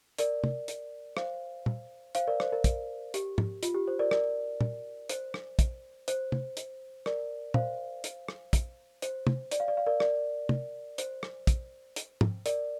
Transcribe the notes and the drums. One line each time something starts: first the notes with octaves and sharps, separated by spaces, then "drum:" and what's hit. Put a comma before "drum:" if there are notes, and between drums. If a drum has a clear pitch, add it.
A#4 D5, drum: hi-hat
drum: tom
drum: hi-hat
C5 F5, drum: rim click
drum: tom
C5 F5, drum: hi-hat
A#4 D5
C5, drum: rim click
A#4
drum: kick, hi-hat
G4, drum: hi-hat
drum: tom
F4, drum: hi-hat
G4
C5
A#4 D5
A#4 D5, drum: rim click
drum: tom
C5, drum: hi-hat
drum: rim click
drum: kick, hi-hat
C5, drum: hi-hat
drum: tom
drum: hi-hat
A#4 D5, drum: rim click
C5 F5, drum: tom
drum: hi-hat
drum: rim click
drum: kick, hi-hat
C5, drum: hi-hat
drum: tom
D5, drum: hi-hat
F5
D5
F5
A#4 D5
A#4 D5, drum: rim click
drum: tom
C5, drum: hi-hat
drum: rim click
drum: kick, hi-hat
drum: hi-hat
drum: tom
A#4 D5, drum: hi-hat